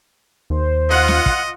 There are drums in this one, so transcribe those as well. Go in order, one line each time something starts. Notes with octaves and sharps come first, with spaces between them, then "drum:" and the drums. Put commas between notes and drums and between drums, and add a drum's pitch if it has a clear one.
D#2 C5
F4 D#5 F#5
drum: snare
drum: kick